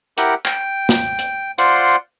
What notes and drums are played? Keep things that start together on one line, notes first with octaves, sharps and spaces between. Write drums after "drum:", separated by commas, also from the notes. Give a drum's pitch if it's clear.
E4 G4 A#4 F#5, drum: hi-hat
G5, drum: clap
drum: snare
drum: hi-hat
F4 C5 D5 F#5 C6, drum: hi-hat